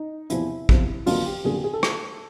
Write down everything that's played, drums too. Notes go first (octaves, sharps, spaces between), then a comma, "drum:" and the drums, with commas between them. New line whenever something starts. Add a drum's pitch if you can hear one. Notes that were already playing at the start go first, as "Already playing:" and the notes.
Already playing: D#4
E2 C3 F3 E4, drum: hi-hat
E2 C3 F3, drum: kick
F2 D3 F#3 A#3 F4, drum: open hi-hat
G4
F2 D3 F#3 A#3 G#4
G4
G#4
A4
drum: rim click